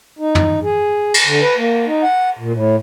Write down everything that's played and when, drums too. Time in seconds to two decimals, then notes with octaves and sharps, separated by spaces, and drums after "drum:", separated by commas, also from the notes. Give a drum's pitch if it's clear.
0.19 D#4
0.35 drum: tom
0.63 G#4
1.14 drum: cymbal
1.26 D3
1.41 B4
1.57 A#3
1.87 D#4
2.03 F#5
2.39 A#2
2.53 A2